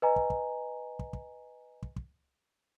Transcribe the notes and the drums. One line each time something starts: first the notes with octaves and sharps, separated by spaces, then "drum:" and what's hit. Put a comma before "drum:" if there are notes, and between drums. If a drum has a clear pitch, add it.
B4 D#5 G#5 A#5
drum: kick
drum: kick
drum: kick
drum: kick
drum: kick
drum: kick